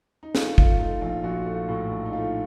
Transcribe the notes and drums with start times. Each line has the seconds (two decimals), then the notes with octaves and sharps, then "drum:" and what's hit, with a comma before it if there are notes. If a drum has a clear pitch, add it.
0.23 D#4
0.35 A3 F4, drum: snare
0.58 A3 F4, drum: kick
0.79 A3 D#4
1.01 A#1 F4
1.24 A#1 F#4
1.46 A3
1.54 F4
1.69 A2
1.91 A#1
2.05 D#4
2.13 A3 F4